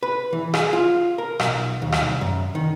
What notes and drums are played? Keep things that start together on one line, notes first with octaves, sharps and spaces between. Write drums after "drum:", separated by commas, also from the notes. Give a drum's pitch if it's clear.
B4
E3
G#4, drum: rim click
F4
A#4
B1, drum: rim click
D#2
drum: rim click
C2
F#2
D#3